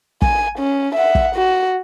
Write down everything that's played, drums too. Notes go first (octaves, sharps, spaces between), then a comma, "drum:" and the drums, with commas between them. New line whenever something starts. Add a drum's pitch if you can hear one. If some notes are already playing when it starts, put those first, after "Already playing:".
G#5, drum: kick
C#4
E5 F#5
drum: kick
F#4